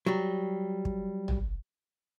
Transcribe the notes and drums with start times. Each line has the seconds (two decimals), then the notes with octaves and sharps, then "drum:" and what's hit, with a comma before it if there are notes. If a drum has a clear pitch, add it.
0.06 F#3 G3
0.85 drum: kick
1.28 drum: tom